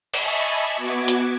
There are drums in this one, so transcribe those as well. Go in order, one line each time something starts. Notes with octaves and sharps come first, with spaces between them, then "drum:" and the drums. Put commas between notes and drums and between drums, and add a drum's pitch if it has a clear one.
D#5 E5 G#5 A5 B5 C#6, drum: cymbal
B3 F#4 D6 G#6
drum: hi-hat